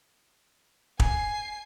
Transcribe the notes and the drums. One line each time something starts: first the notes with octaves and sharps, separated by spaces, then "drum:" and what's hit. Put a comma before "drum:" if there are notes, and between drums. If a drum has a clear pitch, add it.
G#5 C7, drum: kick